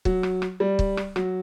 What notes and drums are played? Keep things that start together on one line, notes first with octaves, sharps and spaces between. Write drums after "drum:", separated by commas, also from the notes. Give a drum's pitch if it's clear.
F#3, drum: kick
drum: rim click
drum: rim click
G3
drum: kick
drum: rim click
F#3, drum: rim click